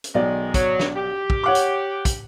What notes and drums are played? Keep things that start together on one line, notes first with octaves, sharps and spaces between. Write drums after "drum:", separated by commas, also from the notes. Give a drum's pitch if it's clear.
drum: hi-hat
B1 D#3 G#3 D5
F#3, drum: kick, hi-hat
drum: snare
G4
drum: kick
C#5 F#5 D6
drum: hi-hat
drum: kick, hi-hat